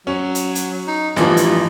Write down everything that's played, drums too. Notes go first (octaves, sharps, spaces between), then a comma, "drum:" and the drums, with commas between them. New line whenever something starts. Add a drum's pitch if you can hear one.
F#3 C#4
drum: hi-hat
drum: hi-hat
D#4
A1 G2 E3 F3, drum: snare
drum: hi-hat